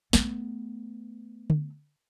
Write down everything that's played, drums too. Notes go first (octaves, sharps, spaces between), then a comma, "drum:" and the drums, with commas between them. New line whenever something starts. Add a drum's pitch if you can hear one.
A3 B3, drum: snare
drum: tom D3